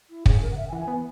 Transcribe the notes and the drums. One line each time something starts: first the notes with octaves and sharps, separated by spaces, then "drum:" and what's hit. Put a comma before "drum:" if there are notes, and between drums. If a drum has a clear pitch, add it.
E4
C#3 G#4, drum: kick
A#4
F#5
E5
G#5
E3 F#5
G#5
B3